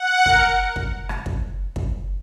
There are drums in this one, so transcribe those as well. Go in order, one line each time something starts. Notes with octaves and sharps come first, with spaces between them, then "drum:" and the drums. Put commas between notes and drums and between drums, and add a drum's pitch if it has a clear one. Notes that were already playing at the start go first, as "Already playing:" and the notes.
Already playing: F#5
A#4, drum: kick
drum: kick
drum: rim click
drum: kick
drum: kick